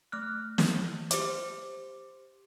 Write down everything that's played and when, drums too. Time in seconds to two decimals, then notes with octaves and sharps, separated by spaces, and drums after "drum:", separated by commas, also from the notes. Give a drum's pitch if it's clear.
0.12 A3 F6 F#6
0.58 drum: snare
1.11 G4 C5 D6, drum: hi-hat